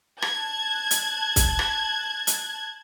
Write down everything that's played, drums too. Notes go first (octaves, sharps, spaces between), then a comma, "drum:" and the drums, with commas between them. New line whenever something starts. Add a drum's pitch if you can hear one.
A5 F#6 G#6 A6, drum: rim click
drum: hi-hat
drum: kick, hi-hat
drum: rim click
drum: hi-hat